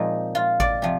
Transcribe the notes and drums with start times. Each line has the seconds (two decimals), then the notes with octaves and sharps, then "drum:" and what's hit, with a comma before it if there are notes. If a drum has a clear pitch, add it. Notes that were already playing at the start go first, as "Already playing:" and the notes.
Already playing: A#2 F3 G#3 C4 D#4
0.35 F4
0.60 D5, drum: kick G#1
0.82 C3 F3